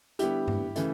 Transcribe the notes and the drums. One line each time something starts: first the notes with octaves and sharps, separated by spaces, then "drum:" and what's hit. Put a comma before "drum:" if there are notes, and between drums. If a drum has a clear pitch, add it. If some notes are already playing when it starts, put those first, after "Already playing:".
D3 G3 B3 E4 G4, drum: hi-hat
drum: tom G2
C#3 E3 A3, drum: hi-hat